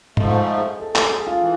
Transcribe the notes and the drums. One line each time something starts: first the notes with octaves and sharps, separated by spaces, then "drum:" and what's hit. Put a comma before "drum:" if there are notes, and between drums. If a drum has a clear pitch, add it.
G#2 F3 A3 D#5, drum: tom G#2
A4
G#4
A4
A4, drum: clap
G#4
F4
E3